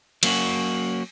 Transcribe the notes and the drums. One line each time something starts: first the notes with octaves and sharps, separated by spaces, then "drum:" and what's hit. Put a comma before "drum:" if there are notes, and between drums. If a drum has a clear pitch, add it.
F#3 A#3 C#4 F#4, drum: cymbal